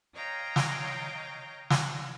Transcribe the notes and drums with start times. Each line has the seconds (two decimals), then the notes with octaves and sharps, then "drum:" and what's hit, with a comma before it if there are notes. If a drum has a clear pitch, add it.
0.14 C#5 D#5 F5 G5 A#5
0.56 drum: snare
1.70 drum: snare